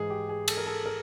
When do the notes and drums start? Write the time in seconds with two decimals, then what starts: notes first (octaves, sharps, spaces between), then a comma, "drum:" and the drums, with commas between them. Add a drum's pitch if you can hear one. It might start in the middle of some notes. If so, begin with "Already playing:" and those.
Already playing: G#2 E3 G#3 G#4
0.10 G4
0.29 G#4
0.48 A4, drum: cymbal
0.57 A#4
0.66 A4
0.86 A#4